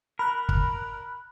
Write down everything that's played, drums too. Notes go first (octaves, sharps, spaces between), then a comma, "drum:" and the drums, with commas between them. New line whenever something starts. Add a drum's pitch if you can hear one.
A#4 B5 F#6
drum: kick